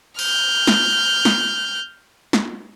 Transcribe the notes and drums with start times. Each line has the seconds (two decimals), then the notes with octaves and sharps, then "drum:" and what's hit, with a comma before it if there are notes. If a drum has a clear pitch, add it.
0.19 F6 G6, drum: open hi-hat
0.67 drum: snare
1.25 drum: snare
2.33 drum: snare